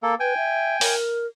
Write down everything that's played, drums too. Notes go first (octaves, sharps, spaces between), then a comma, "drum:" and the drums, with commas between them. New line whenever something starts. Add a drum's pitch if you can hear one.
A#3 A4
B4 G5 G#5
E5
A#4, drum: open hi-hat